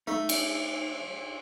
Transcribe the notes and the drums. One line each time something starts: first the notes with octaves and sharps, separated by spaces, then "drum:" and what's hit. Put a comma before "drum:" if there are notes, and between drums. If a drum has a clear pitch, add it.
A3 D#4
drum: cymbal